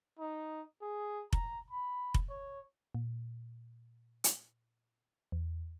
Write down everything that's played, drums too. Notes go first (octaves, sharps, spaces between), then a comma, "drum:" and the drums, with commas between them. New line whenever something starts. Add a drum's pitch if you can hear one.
D#4
G#4
A#5, drum: kick F1
B5
drum: kick F1
C#5
A#2
drum: hi-hat
E2